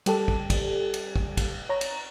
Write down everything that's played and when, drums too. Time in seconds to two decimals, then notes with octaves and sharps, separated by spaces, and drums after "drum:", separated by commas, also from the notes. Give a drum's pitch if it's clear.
0.06 G3 G4 A4, drum: cymbal
0.28 drum: kick
0.50 drum: kick, cymbal
0.94 drum: cymbal
1.16 drum: kick
1.37 drum: kick, cymbal
1.69 C#5 A#5
1.81 drum: cymbal